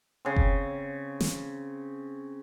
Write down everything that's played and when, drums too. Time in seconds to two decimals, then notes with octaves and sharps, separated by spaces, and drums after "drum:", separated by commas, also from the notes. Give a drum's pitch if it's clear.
0.25 C#3 C4
0.36 drum: kick F#1
1.20 drum: snare